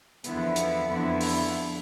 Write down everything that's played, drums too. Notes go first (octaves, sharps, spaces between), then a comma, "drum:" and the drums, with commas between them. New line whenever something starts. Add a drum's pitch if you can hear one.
E2 D3 F3 B3 E4, drum: hi-hat
drum: hi-hat
F2 D3 F3 B3 E4
drum: open hi-hat